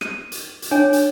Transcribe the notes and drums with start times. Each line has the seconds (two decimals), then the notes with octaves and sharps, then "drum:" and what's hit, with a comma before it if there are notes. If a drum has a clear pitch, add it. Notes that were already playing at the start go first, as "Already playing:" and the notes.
0.01 D#7, drum: rim click
0.32 drum: hi-hat
0.62 drum: hi-hat
0.71 D4 C#5 G#5
0.93 drum: hi-hat